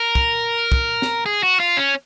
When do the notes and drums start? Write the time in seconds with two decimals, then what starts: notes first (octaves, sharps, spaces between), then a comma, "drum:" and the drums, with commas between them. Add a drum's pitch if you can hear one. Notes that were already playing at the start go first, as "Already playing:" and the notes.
Already playing: A#4
0.15 drum: kick
0.72 drum: kick
1.02 drum: snare
1.26 G#4
1.43 F#4
1.60 F4
1.77 C#4